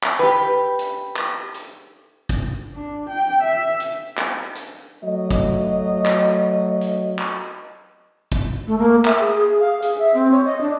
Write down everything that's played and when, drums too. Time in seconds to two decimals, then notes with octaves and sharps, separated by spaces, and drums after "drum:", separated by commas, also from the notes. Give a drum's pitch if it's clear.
0.04 drum: clap
0.19 G4 B4
0.79 drum: hi-hat
1.16 drum: clap
1.54 drum: hi-hat
2.29 drum: kick, hi-hat
2.75 D4
3.09 G5
3.42 E5
3.80 drum: hi-hat
4.18 drum: clap
4.55 drum: hi-hat
5.03 F#3 A3 D#5
5.31 drum: kick, hi-hat
6.06 drum: clap
6.81 drum: hi-hat
7.19 drum: clap
8.32 drum: kick, hi-hat
8.67 A3
8.79 A#3
9.05 E5, drum: clap
9.20 G#4
9.37 G#4
9.60 F5
9.82 G#4, drum: hi-hat
9.98 E5
10.14 C4
10.32 C#5
10.45 D#5
10.61 D4